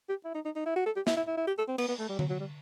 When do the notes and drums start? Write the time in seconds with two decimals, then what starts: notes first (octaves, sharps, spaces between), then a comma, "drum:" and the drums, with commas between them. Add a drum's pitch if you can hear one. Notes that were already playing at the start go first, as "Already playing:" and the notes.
0.09 G4
0.25 E4
0.35 D#4
0.45 D#4
0.55 D#4
0.66 E4
0.76 F#4
0.86 A4
0.96 G4
1.07 E4, drum: snare
1.17 E4
1.27 E4
1.37 E4
1.47 G4
1.58 A4
1.68 C4
1.78 B3, drum: cymbal
1.88 B3
1.99 A3
2.09 G3
2.19 F#3, drum: tom D3
2.29 F#3
2.40 G3